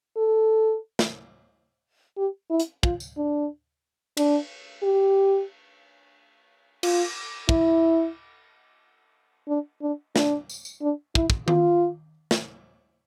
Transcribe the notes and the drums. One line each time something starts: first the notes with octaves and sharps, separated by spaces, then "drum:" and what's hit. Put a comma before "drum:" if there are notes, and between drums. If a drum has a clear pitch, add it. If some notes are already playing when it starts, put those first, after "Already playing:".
A4
drum: snare
G4
E4
drum: hi-hat
F4, drum: kick
drum: tambourine
D4
D4, drum: cymbal
G4
F4, drum: cymbal
E4, drum: kick
D4
D4
D4, drum: snare
drum: tambourine
drum: tambourine
D4
E4, drum: kick
drum: kick
F4, drum: tom D#3
drum: snare